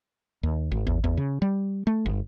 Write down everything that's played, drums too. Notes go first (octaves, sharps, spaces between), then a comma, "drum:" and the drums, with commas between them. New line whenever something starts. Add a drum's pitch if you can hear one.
D#2
G#1
E2, drum: kick G#1
E2
C#3
G3
A3
G1